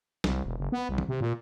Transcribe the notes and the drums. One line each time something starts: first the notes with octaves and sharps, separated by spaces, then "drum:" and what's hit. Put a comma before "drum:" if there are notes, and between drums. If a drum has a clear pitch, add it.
C2, drum: snare
E1
F#1
B3
C2
drum: tom
C3
A#2